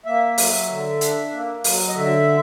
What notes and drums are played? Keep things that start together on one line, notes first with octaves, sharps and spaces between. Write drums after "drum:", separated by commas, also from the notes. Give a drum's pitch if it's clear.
A#3 E5
F#3, drum: open hi-hat
D3
D4, drum: hi-hat
A#3
F#3, drum: open hi-hat
D#5
D3 E5